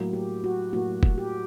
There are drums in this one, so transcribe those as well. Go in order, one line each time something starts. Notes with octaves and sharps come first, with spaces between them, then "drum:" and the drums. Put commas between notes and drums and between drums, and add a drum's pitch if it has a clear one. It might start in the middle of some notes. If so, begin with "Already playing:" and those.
Already playing: A2 F#3 A#3
G4
F#4
A2 F#3 A#3 F#4
drum: kick
G4